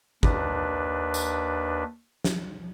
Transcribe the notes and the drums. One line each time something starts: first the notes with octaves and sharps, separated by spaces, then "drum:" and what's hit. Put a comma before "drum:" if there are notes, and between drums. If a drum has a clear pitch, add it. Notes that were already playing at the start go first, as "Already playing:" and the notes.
D#2 D4 B4, drum: kick G#1
drum: tambourine
drum: snare